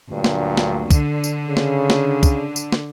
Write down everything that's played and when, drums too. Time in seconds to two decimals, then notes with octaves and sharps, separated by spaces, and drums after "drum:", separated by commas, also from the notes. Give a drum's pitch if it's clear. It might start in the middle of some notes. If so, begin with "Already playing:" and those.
0.11 D2 G2 A#2 F#3
0.24 drum: snare
0.57 drum: snare
0.91 D3, drum: kick, tambourine
1.24 drum: tambourine
1.47 C#3
1.57 drum: snare
1.90 drum: snare
2.23 drum: kick, tambourine
2.56 drum: tambourine
2.72 drum: snare